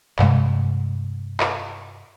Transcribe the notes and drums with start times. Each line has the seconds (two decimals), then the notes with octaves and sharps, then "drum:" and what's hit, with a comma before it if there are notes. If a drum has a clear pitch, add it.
0.19 G2 C3 G#3, drum: clap
1.40 drum: clap